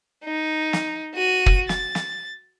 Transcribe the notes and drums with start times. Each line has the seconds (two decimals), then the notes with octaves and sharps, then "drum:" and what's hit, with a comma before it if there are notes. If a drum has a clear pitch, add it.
0.24 D#4
0.73 drum: snare
1.15 F#4 D#7
1.46 drum: kick
1.69 A6, drum: snare
1.95 drum: snare